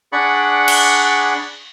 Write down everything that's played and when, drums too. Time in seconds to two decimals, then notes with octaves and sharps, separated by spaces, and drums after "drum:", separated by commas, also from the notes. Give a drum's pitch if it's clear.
0.12 D4 G#4 D5 F#5 B5 C#6
0.68 drum: cymbal